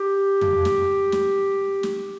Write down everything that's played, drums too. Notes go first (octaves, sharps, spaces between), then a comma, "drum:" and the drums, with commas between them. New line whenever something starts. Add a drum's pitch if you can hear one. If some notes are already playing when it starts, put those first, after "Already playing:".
Already playing: G4
drum: tom F2
drum: snare
drum: snare
drum: snare